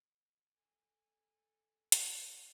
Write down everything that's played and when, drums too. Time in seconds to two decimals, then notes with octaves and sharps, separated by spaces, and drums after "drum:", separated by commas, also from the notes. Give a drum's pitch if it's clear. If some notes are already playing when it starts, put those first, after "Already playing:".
0.52 A4 G#5
1.92 drum: hi-hat